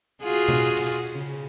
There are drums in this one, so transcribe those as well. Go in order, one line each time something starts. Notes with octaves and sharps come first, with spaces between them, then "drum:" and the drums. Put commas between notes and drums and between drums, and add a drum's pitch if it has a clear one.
F4 F#4 G#4
drum: tom B2
drum: cymbal
C#3